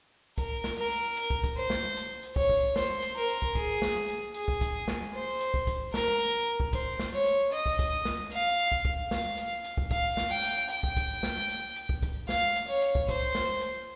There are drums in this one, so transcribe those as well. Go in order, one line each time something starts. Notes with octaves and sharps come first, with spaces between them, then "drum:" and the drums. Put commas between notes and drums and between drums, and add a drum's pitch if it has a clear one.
A#4, drum: kick, hi-hat
drum: snare
A#4
drum: hi-hat
drum: hi-hat
drum: kick
drum: kick, hi-hat
C5
drum: snare
drum: hi-hat
drum: hi-hat
C#5, drum: kick
drum: kick
C5, drum: snare
drum: hi-hat
A#4
drum: hi-hat
drum: kick
G#4, drum: kick, hi-hat
drum: snare
drum: hi-hat
G#4, drum: hi-hat
drum: kick
drum: kick, hi-hat
drum: snare
C5
drum: hi-hat
drum: kick
drum: kick, hi-hat
A#4, drum: snare
drum: hi-hat
drum: kick
C5, drum: kick, hi-hat
drum: snare
C#5
drum: hi-hat
D#5
drum: kick
drum: kick, hi-hat
drum: snare
F5, drum: hi-hat
drum: hi-hat
drum: kick
drum: kick
F5, drum: snare
drum: hi-hat
drum: hi-hat
drum: kick
F5, drum: kick, hi-hat
drum: snare
G5
drum: hi-hat
G5, drum: hi-hat
drum: kick
drum: kick, hi-hat
drum: snare
drum: hi-hat
drum: hi-hat
drum: kick
drum: kick, hi-hat
F5, drum: snare
drum: hi-hat
C#5
drum: hi-hat
drum: kick
C5, drum: kick, hi-hat
drum: snare
drum: hi-hat